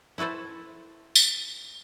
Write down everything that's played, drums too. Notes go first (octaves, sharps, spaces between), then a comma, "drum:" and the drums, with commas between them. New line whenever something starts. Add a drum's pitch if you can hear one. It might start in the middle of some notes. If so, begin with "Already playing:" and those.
E4 F#4 A4 B4 C5
drum: tambourine